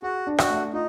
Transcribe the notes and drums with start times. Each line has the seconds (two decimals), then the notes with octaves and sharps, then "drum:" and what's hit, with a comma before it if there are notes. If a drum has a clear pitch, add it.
0.02 F#4 G#4
0.27 D4
0.38 F#4, drum: rim click
0.50 A3
0.73 D#4 F4